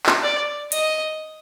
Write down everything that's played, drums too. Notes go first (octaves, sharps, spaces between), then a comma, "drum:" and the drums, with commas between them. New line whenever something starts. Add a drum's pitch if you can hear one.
drum: clap
D5
D#5, drum: hi-hat